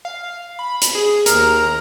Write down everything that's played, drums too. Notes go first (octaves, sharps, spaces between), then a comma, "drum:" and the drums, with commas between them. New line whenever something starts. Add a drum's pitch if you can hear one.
F5
B5
drum: hi-hat
G#4
D#2 A#4 A#5, drum: hi-hat